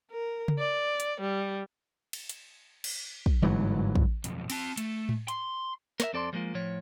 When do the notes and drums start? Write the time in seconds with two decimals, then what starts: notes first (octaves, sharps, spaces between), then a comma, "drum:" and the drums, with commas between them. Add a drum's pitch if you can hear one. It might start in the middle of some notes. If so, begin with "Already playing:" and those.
0.11 A#4
0.48 drum: tom C#3
0.59 D5
1.00 drum: hi-hat
1.21 G3
2.13 drum: cymbal
2.29 drum: hi-hat
2.84 drum: cymbal
3.26 drum: kick
3.42 G1 G#2 E3 F#3
3.95 drum: kick
4.24 B1 F2, drum: hi-hat
4.50 C4 A5, drum: cymbal
4.77 A3, drum: hi-hat
5.09 drum: tom A2
5.28 C6, drum: hi-hat
6.00 A#4 C#5 E5, drum: snare
6.13 F2 C4 A4 D5 A5 C6
6.33 F3 G3 G#3 A#3 F4
6.55 A2 F3 C#5